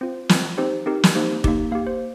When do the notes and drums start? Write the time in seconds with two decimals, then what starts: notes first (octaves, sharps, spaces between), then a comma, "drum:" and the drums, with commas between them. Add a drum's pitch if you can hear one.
0.01 C4 F4 C5
0.29 C4 F4, drum: snare
0.58 C4 D#4 G4 C5
0.86 C4 D#4 G4 A#4
1.04 drum: snare
1.15 A#3 D#4 G4 C5
1.44 A#3 D#4 G4, drum: kick
1.72 A#3 G4 F5
1.87 C5